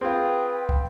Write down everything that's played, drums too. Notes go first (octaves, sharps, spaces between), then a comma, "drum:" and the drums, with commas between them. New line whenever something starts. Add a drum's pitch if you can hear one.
C4 F4 G#4 B4 G5
drum: kick